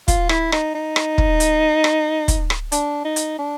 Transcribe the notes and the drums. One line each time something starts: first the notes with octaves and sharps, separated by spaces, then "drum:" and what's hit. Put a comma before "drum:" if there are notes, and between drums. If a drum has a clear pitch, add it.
F4, drum: kick, hi-hat
E4, drum: rim click
D#4, drum: rim click
D#4
drum: rim click
drum: kick
drum: hi-hat
drum: rim click
drum: kick, hi-hat
drum: rim click
D4, drum: hi-hat
D#4
drum: hi-hat
D4